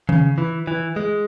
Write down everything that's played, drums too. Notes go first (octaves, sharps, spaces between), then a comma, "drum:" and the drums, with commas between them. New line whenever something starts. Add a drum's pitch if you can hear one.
C#3, drum: tom D#3
E3
E3
G#3